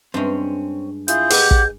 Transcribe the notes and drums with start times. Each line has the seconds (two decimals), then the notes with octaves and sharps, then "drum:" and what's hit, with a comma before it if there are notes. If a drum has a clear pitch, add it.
0.14 G2 G#3 C4 C#4
1.08 E4 F4 G#4 G6, drum: hi-hat
1.30 G4 G#4 B4 D#5 F#5, drum: open hi-hat
1.51 drum: kick